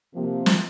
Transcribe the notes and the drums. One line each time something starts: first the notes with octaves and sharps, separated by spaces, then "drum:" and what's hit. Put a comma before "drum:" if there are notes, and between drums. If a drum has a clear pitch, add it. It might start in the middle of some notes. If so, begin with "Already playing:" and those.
C3 F3 A#3
drum: snare